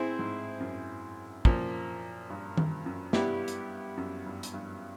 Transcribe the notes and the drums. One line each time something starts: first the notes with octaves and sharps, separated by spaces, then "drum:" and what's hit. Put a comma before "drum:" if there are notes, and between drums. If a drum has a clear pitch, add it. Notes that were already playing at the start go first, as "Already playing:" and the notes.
Already playing: A2 C4 E4 G#4 C5
G#2
F#2
F#2 A#2 F3 A#3, drum: kick
G2
G2, drum: tom D#3
F#2
G2 G3 B3 E4 G4, drum: snare
drum: hi-hat
F#2
G2
drum: hi-hat
G2